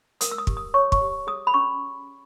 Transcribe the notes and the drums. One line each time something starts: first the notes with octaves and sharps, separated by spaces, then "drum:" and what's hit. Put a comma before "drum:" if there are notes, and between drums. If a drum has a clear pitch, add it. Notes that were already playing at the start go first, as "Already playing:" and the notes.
A#4 D#6, drum: hi-hat
E6
D#6
G4, drum: kick
D#6
C#5 C#6
C#6, drum: kick
G4
G#4 D#6
B5
C#4 C#6